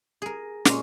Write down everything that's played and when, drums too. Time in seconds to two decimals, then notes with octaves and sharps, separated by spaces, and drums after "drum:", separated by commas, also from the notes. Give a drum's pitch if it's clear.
0.22 G#4 A#4
0.65 A#2 G#3 C#4 C#5, drum: snare